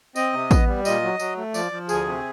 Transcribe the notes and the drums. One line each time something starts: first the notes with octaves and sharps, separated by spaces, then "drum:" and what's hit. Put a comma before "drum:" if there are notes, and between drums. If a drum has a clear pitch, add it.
C4 D#5, drum: tambourine
C3
B3, drum: kick A1, tambourine
G3
A#2 D#5, drum: tambourine
F#3
F#3, drum: tambourine
A3
F3 D5, drum: tambourine
F3
D2 G#4, drum: tambourine
C3